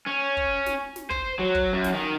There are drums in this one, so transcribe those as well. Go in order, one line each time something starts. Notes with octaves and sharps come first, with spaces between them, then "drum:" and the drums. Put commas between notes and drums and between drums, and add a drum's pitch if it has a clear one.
C#4
drum: kick
drum: snare
drum: snare
C5, drum: kick
F#3
drum: kick
F#2
drum: snare
D#3